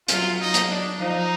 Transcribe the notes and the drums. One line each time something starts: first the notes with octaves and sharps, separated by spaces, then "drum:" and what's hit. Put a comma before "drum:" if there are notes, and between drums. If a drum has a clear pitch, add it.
F#3 F4, drum: hi-hat
D#4
drum: hi-hat
D4
F3 D#4